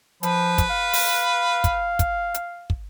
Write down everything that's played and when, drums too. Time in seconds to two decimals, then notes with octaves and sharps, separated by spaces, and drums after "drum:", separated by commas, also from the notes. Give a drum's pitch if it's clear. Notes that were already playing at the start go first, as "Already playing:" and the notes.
0.23 F3 B4, drum: hi-hat
0.58 drum: kick, hi-hat
0.70 F5
0.93 drum: open hi-hat
1.64 drum: kick, hi-hat
1.99 drum: kick, hi-hat
2.34 drum: hi-hat
2.70 drum: kick